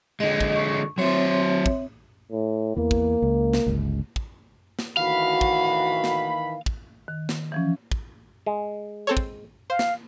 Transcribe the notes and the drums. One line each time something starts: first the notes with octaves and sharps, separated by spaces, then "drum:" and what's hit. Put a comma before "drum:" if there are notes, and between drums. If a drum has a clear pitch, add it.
D3 G#3 D#5
drum: kick
C#6
F#3 C4 C5 C#5 E5
drum: kick
A2
E2 E3 A#3
drum: kick
C#2
drum: snare
G1 C#2
drum: kick
drum: snare
D2 A2 D#3 E3 F#4 F5 B5
drum: kick
drum: snare
drum: kick
D#3
drum: snare
E3 F3 C#4
drum: kick
G#3
C4 A4 C#5
drum: kick
C5 F5
drum: snare